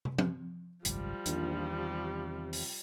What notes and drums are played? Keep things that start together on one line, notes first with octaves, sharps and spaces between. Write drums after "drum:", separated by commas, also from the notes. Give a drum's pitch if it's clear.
drum: tom
drum: tom F3
G#1 C#2 F#2 F3 G3, drum: hi-hat
A#1 E2 D#3, drum: hi-hat
C3
drum: open hi-hat